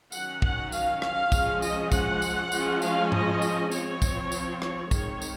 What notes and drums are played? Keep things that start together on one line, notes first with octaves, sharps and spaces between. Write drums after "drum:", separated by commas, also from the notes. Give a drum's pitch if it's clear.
D#3 F#3 C#4 F#5, drum: tambourine
F#5, drum: kick
F5, drum: tambourine
F5, drum: rim click
F3 G#3 C#4, drum: kick, tambourine
D#5, drum: tambourine
F#5, drum: kick, tambourine
drum: tambourine
F3 G#3 C#4, drum: tambourine
F5, drum: tambourine
D#5, drum: tom G#2
drum: tambourine
F3 C4 C#5, drum: tambourine
drum: kick, tambourine
drum: tambourine
C#5, drum: rim click
D#3 G#3 C4 C#5, drum: kick, tambourine
drum: tambourine